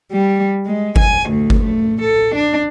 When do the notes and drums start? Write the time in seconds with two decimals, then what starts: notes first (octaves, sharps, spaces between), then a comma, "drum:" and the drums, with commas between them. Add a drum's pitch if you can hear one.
0.11 G3
0.65 G#3
0.96 G#5, drum: kick G1
1.29 D2
1.50 drum: kick G1
1.61 A3
2.01 A4
2.34 D4